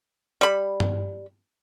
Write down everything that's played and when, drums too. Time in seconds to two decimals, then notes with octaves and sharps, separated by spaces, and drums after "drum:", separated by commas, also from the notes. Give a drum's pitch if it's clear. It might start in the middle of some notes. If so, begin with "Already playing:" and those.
0.41 G3 B5
0.80 drum: tom G2